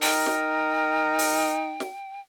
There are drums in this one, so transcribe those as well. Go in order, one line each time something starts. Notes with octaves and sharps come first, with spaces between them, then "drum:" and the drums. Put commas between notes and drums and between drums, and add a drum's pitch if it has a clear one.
D#4 A#4 G5, drum: open hi-hat
drum: snare
drum: open hi-hat
drum: snare